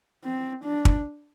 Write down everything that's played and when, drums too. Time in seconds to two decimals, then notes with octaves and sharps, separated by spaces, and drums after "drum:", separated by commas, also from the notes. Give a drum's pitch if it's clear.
0.24 C4
0.65 D4
0.85 drum: kick